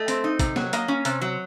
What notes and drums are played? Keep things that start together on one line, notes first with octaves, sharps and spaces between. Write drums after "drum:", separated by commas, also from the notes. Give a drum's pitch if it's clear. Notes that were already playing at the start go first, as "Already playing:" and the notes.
Already playing: A3 D#5
C4, drum: hi-hat
D#4
C3, drum: kick, hi-hat
F#3, drum: snare
A#3 D#5, drum: hi-hat
C#4
C3, drum: hi-hat
F#3